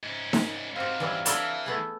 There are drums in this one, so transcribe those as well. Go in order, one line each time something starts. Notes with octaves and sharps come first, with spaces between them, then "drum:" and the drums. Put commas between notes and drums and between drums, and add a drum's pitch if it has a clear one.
G#2 C#4
drum: snare D#4
G#2 C4 F#4 G4 F5
E3 F#3 G3
E3 F#3 D4 A4, drum: hi-hat
A3 B3 G#4